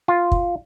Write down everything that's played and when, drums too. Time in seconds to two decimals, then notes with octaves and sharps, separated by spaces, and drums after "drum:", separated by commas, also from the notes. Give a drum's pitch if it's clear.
0.08 F4
0.32 drum: kick